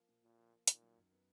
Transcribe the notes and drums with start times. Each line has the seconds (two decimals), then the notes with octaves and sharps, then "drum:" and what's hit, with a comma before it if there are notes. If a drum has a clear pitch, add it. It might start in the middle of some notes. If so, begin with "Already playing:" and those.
Already playing: F3 A#3
0.08 A#2
0.23 A#2 F4
0.38 F3
0.53 A#3
0.68 A#2 D#3, drum: hi-hat
0.82 F#3
0.97 F#2
1.12 B3